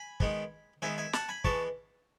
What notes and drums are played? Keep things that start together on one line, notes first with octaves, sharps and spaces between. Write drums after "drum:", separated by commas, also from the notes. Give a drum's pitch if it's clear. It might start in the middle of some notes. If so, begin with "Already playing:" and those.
Already playing: G#5 B5
D#3 G#3 B3, drum: kick
D#3 G#3 B3 E5 G#5
E5 G#5
F#5 A5, drum: snare
G#5 B5
E3 G#3 B3 A5 C#6, drum: kick